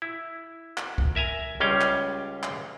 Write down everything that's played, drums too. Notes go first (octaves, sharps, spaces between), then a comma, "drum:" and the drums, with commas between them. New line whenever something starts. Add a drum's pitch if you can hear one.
E4
drum: clap
drum: kick
A#4 E5 G#5 A#5
C#2 G3 C#4 F5 G5
drum: clap
drum: clap